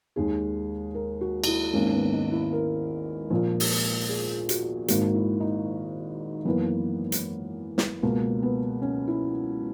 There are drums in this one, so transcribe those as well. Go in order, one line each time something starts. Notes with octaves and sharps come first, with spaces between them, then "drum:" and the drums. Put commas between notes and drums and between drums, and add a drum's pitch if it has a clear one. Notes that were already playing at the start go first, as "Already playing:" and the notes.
D#2 D#3 G#3 G#4
A#4
F#4
F#4, drum: cymbal
E4
G#1 G#2 D#3 A#3 C#4
B3
D#4
E4
A#4
A#1 A#2 A#3
drum: open hi-hat
G#4
F#4, drum: hi-hat
G#1 G#2 D#3 A#3 F#4, drum: hi-hat
E4
D#4
F#2 E3 A#3 B3
drum: hi-hat
drum: snare
C#2 B2 A#3
B3
C#4
E4